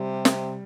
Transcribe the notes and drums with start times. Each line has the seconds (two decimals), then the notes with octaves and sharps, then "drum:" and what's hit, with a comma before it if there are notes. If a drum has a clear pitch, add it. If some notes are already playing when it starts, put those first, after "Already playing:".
Already playing: C3 G3
0.25 drum: snare